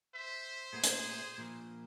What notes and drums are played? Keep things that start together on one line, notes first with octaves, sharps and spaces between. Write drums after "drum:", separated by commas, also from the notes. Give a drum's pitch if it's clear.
C5 E5
A#2 A3 B3 G#4
drum: hi-hat
A#2 F3